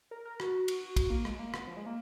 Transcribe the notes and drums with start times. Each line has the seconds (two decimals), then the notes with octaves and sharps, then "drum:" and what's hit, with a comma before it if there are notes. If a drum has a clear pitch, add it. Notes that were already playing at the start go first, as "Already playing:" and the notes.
0.11 A#4
0.25 A#4
0.40 F#4, drum: rim click
0.68 drum: cymbal
0.96 drum: kick, cymbal
1.10 A#3
1.25 G#3, drum: rim click
1.39 A#3
1.54 B3, drum: rim click
1.67 F3
1.77 G#3
1.86 A#3